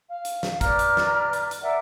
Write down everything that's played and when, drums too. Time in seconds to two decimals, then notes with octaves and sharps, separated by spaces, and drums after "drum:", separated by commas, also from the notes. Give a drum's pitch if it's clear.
0.09 F5
0.25 drum: hi-hat
0.43 drum: snare
0.61 B4 D5 A#5 F6, drum: kick, hi-hat
0.79 drum: hi-hat
0.97 drum: snare
1.33 drum: hi-hat
1.51 drum: hi-hat
1.61 A#4 D5 E5 F#5